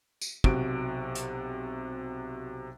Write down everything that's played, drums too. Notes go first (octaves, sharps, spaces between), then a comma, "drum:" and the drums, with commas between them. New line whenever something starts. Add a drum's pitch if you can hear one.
drum: tambourine
B1 C3 F#4 D7, drum: kick
drum: hi-hat